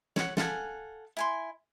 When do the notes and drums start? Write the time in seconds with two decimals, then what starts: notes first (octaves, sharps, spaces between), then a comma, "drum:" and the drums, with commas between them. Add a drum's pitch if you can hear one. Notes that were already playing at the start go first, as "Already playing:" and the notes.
0.16 C#5 F#5, drum: snare
0.37 A4 F5 F#5 G#5, drum: snare
1.17 E4 G#5 C6